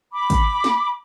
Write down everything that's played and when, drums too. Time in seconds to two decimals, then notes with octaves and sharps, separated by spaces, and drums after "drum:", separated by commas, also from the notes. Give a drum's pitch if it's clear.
0.13 B5 D6
0.30 drum: kick, hi-hat
0.64 drum: snare